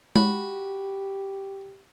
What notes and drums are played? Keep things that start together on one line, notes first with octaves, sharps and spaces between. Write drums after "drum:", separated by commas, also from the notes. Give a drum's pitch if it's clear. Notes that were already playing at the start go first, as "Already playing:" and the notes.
F#4 G4 B5, drum: tom G#3